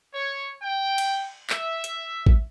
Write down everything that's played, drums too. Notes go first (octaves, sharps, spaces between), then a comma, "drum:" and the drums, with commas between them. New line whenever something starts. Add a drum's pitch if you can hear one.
C#5
G5
drum: cymbal
E5, drum: clap
drum: hi-hat
drum: kick G#1